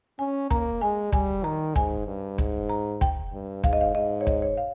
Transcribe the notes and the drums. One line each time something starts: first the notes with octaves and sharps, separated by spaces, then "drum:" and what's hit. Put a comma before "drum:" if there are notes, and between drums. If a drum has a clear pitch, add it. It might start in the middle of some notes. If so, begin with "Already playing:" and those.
C#4 G#5
A#3 A#5, drum: kick
G#3 G#5
G3 G#5, drum: kick
D#3 A#5
G#2 G#5, drum: kick
G2
G#2, drum: kick
A#5
G5, drum: kick
G2
G#2 F5, drum: kick
D#5
F5
G#2 D#5
C#5
D#5, drum: kick
C#5
F5